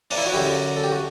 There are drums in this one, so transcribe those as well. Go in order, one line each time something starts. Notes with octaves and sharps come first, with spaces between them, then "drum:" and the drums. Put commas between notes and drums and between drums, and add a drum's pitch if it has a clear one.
D4, drum: open hi-hat
E4
F#4
F#2 D3 F#3 E4 G4
A4
G4
F#4